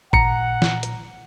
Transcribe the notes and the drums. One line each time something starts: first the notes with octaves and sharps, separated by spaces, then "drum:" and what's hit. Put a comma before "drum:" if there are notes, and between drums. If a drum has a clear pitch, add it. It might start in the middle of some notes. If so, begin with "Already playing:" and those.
A#2 F#5 A#5 C#7, drum: kick
drum: snare
drum: hi-hat